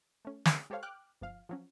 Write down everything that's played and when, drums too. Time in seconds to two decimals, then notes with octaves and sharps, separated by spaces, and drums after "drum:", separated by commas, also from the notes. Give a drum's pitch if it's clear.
0.25 A3 C#4
0.45 drum: snare
0.70 G#3 G4 A4 C5 C#5 F5
0.83 G5 D6 F6 F#6
1.21 G1 F3 F5
1.49 F3 F#3 C#4